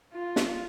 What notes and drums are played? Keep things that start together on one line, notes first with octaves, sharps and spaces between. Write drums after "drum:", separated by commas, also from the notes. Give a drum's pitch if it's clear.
F4
drum: snare